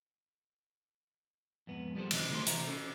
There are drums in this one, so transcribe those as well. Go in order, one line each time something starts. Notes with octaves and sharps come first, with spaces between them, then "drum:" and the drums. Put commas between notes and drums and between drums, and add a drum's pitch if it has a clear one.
F2 G#2 B3
F3 G3 G#3 A4 C5
F#2 C3 D#3 E3, drum: cymbal
D#3 A3 A#4 C6
C3 E3 C5 E5 A#5, drum: hi-hat
C#4 A4